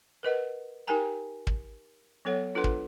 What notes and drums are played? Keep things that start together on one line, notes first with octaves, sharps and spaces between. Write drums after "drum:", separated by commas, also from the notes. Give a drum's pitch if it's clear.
A#4 B4 D#5 F#5
D#4 G4 A#4 G5 G#5 A#5
drum: kick
F#3 B3 A4 C#5 F#5
D4 F4 A4 B4 F#5 C6
drum: kick